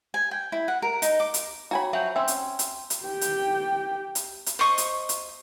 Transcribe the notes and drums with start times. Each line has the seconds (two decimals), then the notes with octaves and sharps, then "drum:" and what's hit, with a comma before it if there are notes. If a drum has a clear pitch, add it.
0.14 G#5
0.31 G5
0.52 E4
0.68 F#5
0.82 A#4
1.02 D#4, drum: hi-hat
1.20 D6
1.34 drum: hi-hat
1.71 F#4 C#5 G5 G#5 A#5 B5
1.93 F3 F#3 F#4 E5 G#5 G6
2.16 C4 C#4 E5 G5 C6 E6
2.28 drum: hi-hat
2.59 drum: hi-hat
2.90 drum: hi-hat
3.06 G4 G5
3.21 drum: hi-hat
4.15 drum: hi-hat
4.46 drum: hi-hat
4.59 C5 D#5 C#6 D#6
4.78 drum: hi-hat
5.09 drum: hi-hat